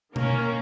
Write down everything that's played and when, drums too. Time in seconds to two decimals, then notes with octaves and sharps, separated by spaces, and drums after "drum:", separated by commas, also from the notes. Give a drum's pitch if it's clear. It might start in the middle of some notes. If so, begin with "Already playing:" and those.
0.16 D#3 A#3 C#4 A#4, drum: tom B2